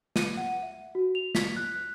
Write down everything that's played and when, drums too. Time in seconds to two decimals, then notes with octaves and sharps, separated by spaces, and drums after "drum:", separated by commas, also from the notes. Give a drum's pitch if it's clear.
0.16 D#7, drum: snare
0.37 F#5
0.63 E5
0.95 F#4
1.15 F7
1.35 B6, drum: snare
1.56 F#6